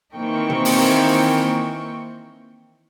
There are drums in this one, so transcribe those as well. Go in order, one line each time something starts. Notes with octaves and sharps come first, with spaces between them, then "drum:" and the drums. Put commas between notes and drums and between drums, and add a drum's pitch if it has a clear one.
D#3 E3 A#3 C4 G5 C#6
drum: tom
drum: open hi-hat